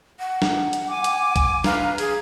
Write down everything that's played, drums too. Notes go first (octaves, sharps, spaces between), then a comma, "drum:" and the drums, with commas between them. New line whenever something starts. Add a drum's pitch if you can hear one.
F#5
drum: snare D4
drum: hi-hat
G#5 D6
drum: hi-hat
drum: kick B1, hi-hat
B4 F5 A#5, drum: snare D4
G#4 G#6, drum: hi-hat